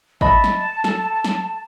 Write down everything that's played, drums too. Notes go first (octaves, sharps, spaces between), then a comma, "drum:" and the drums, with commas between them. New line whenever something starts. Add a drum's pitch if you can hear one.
D#5 E5 A5 B5, drum: kick
drum: snare
A4, drum: snare
drum: snare